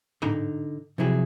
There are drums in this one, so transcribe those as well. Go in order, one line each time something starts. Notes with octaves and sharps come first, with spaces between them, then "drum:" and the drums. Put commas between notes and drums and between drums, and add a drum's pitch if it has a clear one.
D3 D#4, drum: tom G#2
C3 F3 F#3 E4 G#4